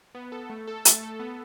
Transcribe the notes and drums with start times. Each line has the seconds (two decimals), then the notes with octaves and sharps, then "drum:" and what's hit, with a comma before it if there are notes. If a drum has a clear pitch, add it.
0.15 B3
0.32 A4
0.50 A3
0.68 A4
0.85 A3, drum: hi-hat
1.03 A4
1.20 B3